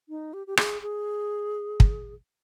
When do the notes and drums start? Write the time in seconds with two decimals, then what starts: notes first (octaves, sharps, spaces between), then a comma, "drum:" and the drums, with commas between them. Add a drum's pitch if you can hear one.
0.09 D#4
0.34 G4
0.47 G4
0.57 G#4, drum: rim click
0.82 G#4
1.80 drum: kick